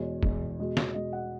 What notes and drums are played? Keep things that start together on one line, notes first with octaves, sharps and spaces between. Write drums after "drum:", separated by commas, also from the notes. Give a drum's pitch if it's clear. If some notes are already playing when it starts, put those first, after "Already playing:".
Already playing: E2 B2 G#3 C#5
E2 B2 G#3, drum: kick
B2 G#3
drum: snare
B2 G#3 D#5
F#5